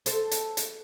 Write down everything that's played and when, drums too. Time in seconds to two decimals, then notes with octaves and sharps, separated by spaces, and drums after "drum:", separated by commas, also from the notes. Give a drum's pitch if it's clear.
0.06 A4 C5, drum: hi-hat
0.31 drum: hi-hat
0.57 drum: hi-hat